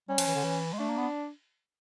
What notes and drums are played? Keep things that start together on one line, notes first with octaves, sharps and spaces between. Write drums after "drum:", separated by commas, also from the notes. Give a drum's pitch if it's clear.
G3 C#4
F3, drum: cymbal
E3
D3
E3
G#3
A3 D4
A#3
B3